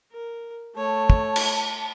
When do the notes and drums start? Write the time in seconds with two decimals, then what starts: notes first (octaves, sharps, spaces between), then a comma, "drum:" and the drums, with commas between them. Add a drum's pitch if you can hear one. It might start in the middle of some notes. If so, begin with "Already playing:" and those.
0.12 A#4
0.75 A3 C#5 A5
1.10 drum: kick
1.36 drum: cymbal